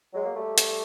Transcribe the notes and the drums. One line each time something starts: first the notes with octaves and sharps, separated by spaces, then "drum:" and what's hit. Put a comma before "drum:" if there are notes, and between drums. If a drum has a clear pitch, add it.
F#3 G#3
A#3
G3 A3
drum: hi-hat